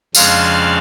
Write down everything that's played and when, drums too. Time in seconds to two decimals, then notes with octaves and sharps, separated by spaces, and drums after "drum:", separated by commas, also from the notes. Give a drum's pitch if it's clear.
0.15 F2 C#3 G#3 D4 F5, drum: tambourine